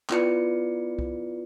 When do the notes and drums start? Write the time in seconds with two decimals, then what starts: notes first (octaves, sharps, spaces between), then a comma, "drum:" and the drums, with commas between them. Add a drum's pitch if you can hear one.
0.10 B3 E4 F4 B4 D5 C#7, drum: clap
0.99 drum: kick C2